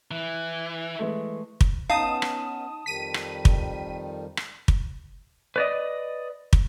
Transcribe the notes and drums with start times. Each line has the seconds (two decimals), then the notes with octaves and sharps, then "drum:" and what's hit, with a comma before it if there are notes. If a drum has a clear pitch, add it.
0.11 E3
0.99 E3 G#3 A3
1.61 drum: kick
1.90 B3 C#4 D#4 F5 A5 D#6
2.22 drum: rim click
2.86 F2 D#3 G3 B6 D#7
3.14 drum: rim click
3.45 drum: kick
4.37 drum: rim click
4.68 drum: kick
5.56 B4 D5 D#5
6.53 drum: kick